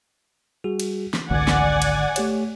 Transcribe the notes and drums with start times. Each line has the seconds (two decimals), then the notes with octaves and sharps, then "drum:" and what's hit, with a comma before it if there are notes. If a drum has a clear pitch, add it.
0.64 G3 F#4 G#4
0.80 drum: cymbal
1.14 drum: snare
1.31 G#1 C#2 D3 D5 F#5 G#5 G#6
1.48 drum: snare
1.82 drum: cymbal
2.16 A3 G4 C#5, drum: cymbal